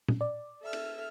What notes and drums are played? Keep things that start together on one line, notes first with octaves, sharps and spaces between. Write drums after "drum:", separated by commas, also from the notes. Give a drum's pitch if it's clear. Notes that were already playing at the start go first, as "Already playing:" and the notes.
drum: tom A#2
D5
A4 E5 F6
drum: cymbal